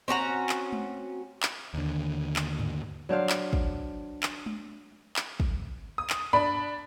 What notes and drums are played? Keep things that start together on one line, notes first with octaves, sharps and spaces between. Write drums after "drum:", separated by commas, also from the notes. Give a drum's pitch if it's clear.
C4 C#4 F#4 A#5
drum: clap
drum: tom G#3
drum: clap
D#2 D3
drum: clap
drum: tom G2
F#3 D4 C5 F5
drum: clap
drum: kick
drum: clap
drum: tom G#3
drum: clap
drum: kick
D#6
drum: clap
D4 B5, drum: tom G2